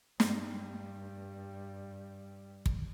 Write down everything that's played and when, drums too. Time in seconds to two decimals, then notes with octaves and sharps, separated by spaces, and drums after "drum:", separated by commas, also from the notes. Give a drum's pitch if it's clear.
0.20 G2 G3, drum: snare
2.66 drum: kick